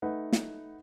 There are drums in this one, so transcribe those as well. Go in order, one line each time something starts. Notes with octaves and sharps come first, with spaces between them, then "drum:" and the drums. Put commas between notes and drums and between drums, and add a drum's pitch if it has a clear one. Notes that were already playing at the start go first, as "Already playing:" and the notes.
A3 D#4 B4 F#5
drum: snare